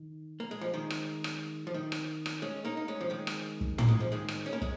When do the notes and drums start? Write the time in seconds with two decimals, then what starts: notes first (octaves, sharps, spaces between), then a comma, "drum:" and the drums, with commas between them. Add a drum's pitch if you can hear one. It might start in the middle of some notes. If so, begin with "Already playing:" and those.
Already playing: D#3
0.40 A#3
0.51 G#3
0.61 F3
0.74 D#3 G#3
0.90 drum: rim click
1.24 drum: rim click
1.67 F3
1.74 D#3
1.92 drum: rim click
2.26 drum: rim click
2.42 G#3 C#4
2.65 A#3 D#4
2.77 D#4
2.88 G#3 C#4
3.01 F3
3.10 D#3 G#3
3.27 drum: rim click
3.61 drum: kick
3.78 A#3, drum: tom
3.89 G#3
4.00 F3
4.12 D#3 G#3
4.28 drum: rim click
4.46 C#4
4.53 A#3
4.62 G#3, drum: kick